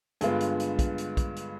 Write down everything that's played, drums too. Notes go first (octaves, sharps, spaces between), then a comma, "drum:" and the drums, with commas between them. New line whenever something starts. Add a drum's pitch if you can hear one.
G2 D3 G#3 B3 F4, drum: hi-hat
drum: hi-hat
drum: hi-hat
drum: kick, hi-hat
drum: hi-hat
drum: kick, hi-hat
drum: hi-hat